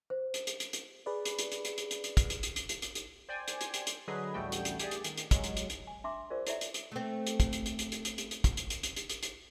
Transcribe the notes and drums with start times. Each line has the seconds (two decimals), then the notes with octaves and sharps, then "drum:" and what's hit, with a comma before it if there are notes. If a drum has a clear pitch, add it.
0.10 C5
0.34 drum: hi-hat
0.47 drum: hi-hat
0.60 drum: hi-hat
0.73 drum: hi-hat
1.06 G#4 B4 D5
1.25 drum: hi-hat
1.39 drum: hi-hat
1.52 drum: hi-hat
1.65 drum: hi-hat
1.78 drum: hi-hat
1.91 drum: hi-hat
2.04 drum: hi-hat
2.17 drum: kick, hi-hat
2.30 drum: hi-hat
2.43 drum: hi-hat
2.56 drum: hi-hat
2.69 drum: hi-hat
2.82 drum: hi-hat
2.95 drum: hi-hat
3.29 C5 D5 G5 G#5
3.48 drum: hi-hat
3.61 drum: hi-hat
3.74 drum: hi-hat
3.87 drum: hi-hat
4.08 D3 F#3 G#4 B4 D#5
4.34 A1 D2 G3 A3 F#4 G5
4.52 drum: hi-hat
4.65 drum: hi-hat
4.79 G4 G#4 D5, drum: hi-hat
4.91 drum: hi-hat
5.04 D#3, drum: hi-hat
5.18 drum: hi-hat
5.31 F#3 G#3, drum: kick, hi-hat
5.44 drum: hi-hat
5.57 drum: hi-hat
5.70 drum: hi-hat
5.87 G#5
6.04 D4 E5 A#5 C6 D6 D#6
6.30 F4 G#4 A#4 C5 D5
6.47 E4 A4 C#5 D5 E5 A#5, drum: hi-hat
6.61 drum: hi-hat
6.74 drum: hi-hat
6.92 A3 C4
7.27 drum: hi-hat
7.40 drum: kick, hi-hat
7.53 drum: hi-hat
7.66 drum: hi-hat
7.79 drum: hi-hat
7.92 drum: hi-hat
8.05 drum: hi-hat
8.18 drum: hi-hat
8.31 drum: hi-hat
8.44 drum: kick, hi-hat
8.57 drum: hi-hat
8.70 drum: hi-hat
8.83 drum: hi-hat
8.96 drum: hi-hat
9.10 drum: hi-hat
9.23 drum: hi-hat